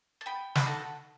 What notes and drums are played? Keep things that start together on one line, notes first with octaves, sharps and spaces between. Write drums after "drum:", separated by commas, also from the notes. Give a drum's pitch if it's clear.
A5
B3 G5 B5
B5, drum: snare
D#4 F#4 A4 F#5 A5